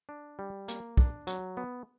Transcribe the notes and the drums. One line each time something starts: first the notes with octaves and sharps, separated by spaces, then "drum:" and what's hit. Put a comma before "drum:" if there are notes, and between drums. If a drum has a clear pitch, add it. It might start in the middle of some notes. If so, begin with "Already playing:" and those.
D4
G3
A#3, drum: hi-hat
D4, drum: kick
F#3, drum: hi-hat
B3